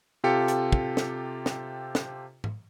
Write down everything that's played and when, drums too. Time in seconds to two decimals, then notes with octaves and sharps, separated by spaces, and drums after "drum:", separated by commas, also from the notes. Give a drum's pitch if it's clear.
0.24 C3 F4 G4 A4 C#7
0.48 drum: hi-hat
0.73 drum: kick
0.97 drum: snare
1.46 drum: snare
1.95 drum: snare
2.44 drum: tom G#2